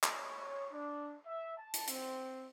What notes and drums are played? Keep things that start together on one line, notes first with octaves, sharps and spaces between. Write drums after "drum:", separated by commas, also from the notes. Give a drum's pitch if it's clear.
drum: clap
C#5
D4
E5
A5
drum: hi-hat
C4, drum: hi-hat